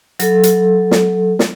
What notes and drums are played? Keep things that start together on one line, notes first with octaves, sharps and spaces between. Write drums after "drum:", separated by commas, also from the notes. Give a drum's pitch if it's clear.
F#3 A4, drum: hi-hat
drum: hi-hat
drum: snare
drum: snare